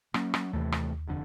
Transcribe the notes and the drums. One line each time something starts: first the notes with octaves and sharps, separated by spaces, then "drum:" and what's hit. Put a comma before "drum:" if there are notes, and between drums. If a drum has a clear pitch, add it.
F#3 A#3 C#4, drum: rim click
drum: rim click
D#2 C3 E3 A3
drum: rim click
F1 F2 D3